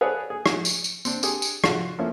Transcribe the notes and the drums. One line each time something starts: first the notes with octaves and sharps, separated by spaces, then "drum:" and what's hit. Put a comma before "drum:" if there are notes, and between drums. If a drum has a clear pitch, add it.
G#4 A4 B4 C#5 D5 F5
G#4
drum: rim click
drum: tambourine
drum: tambourine
C4 D4, drum: tambourine
D4 G4 G#4, drum: tambourine
drum: tambourine
F4 F#4, drum: rim click
F3 A3 A#3 C#4 E4